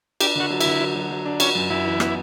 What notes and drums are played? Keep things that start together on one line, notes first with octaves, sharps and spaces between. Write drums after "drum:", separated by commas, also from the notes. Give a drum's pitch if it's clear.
D4 G4, drum: cymbal
D3 F#4
F#3
E4, drum: cymbal
D3
F#3
F#3
F#3
D4
C#4 F#4, drum: cymbal
F#2
F#2 E4
E3
B3, drum: rim click